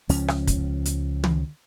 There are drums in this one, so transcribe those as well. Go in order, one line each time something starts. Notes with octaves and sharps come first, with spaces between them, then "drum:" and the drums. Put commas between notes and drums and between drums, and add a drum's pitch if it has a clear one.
C#2 F3 C#4, drum: open hi-hat
drum: rim click
drum: kick, hi-hat
drum: hi-hat
drum: tom